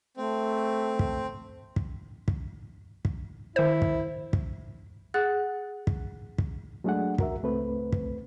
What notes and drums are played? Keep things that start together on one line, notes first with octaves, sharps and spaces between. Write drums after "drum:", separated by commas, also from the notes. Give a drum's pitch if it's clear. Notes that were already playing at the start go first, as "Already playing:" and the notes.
A3 C4
drum: kick
drum: kick
drum: kick
drum: kick
D#3 E4 C5
drum: kick
drum: kick
G#4 F#5 F#6 A6
drum: kick
drum: kick
F#3 G#3 A3 D4 G#4 F#5
F#4 A#4 E5, drum: kick
C#2 A3 C4 B4
drum: kick